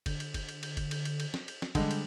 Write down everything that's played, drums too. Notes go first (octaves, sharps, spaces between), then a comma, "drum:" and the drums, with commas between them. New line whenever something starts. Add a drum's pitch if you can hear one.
D3, drum: kick, cymbal
drum: cymbal
drum: kick, cymbal
drum: cymbal
drum: cymbal
drum: kick, cymbal
drum: cymbal
drum: cymbal
drum: cymbal
drum: snare
drum: cymbal
drum: snare
D3 G3 G#3, drum: kick, cymbal
drum: cymbal